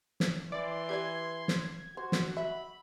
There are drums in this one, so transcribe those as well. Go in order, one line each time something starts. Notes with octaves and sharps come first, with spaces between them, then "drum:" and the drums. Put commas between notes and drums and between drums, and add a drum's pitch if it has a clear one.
drum: snare
E3 D5 C6
G4 B4 D5 G#6
drum: snare
F#4 C5
drum: snare
E5 B5